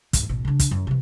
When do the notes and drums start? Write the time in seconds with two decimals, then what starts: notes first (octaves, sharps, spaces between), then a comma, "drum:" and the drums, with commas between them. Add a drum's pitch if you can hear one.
0.13 D#2 G#2, drum: kick, hi-hat
0.29 A1 B2
0.45 C#3 D4
0.59 drum: kick, hi-hat
0.71 F#2 D#3
0.87 C3 E3